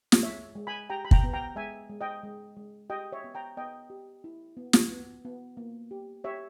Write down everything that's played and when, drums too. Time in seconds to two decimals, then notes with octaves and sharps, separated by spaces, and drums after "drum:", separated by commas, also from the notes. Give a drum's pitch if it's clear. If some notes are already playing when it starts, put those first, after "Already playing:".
0.12 drum: snare
0.23 G#3 C#5 E5
0.56 G#3
0.67 G#5 B5
0.90 G4 G5 A#5
1.05 B5
1.11 G5 A#5, drum: kick
1.23 B3
1.33 G5 A#5
1.56 G#3 E5 G#5
1.90 G#3
2.01 D#5 G5
2.23 G#3
2.57 G#3
2.90 G4 D#5 G5
3.12 C#5 E5
3.24 B3
3.35 G5 A#5
3.57 B3 D#5 G5
3.90 G4
4.24 E4
4.57 B3
4.73 drum: snare
4.90 B3
5.25 B3
5.57 A#3
5.91 G4
6.24 G4 C#5 E5